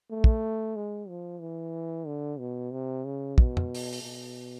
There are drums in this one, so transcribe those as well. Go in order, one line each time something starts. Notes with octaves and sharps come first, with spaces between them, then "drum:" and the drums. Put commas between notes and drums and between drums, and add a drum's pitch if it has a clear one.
A3
drum: kick
G#3
F3
E3
D3
B2
C3
C#3
B2, drum: kick
drum: tom
drum: open hi-hat
drum: open hi-hat
B2